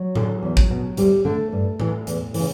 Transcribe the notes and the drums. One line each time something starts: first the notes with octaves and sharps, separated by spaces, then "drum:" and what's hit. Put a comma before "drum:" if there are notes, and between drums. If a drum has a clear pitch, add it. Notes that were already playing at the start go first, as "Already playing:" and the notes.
Already playing: F#3
D3, drum: tom A2
E2
drum: kick
B2
D2 G3, drum: hi-hat
D3 A3
G2
E3, drum: tom A2
E2, drum: hi-hat
C#3 E3, drum: open hi-hat